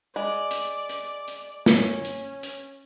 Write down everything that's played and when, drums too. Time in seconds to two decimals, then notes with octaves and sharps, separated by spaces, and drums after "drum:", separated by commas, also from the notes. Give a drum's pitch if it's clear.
0.16 G#3 D5
0.51 drum: hi-hat
0.89 drum: hi-hat
1.28 drum: hi-hat
1.66 C#4, drum: snare
2.05 drum: hi-hat
2.43 drum: hi-hat